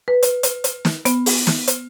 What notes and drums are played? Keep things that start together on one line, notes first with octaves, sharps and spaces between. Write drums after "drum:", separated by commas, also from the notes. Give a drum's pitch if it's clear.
B4
drum: hi-hat
drum: hi-hat
drum: hi-hat
drum: snare
B3, drum: hi-hat
drum: open hi-hat
drum: snare
drum: hi-hat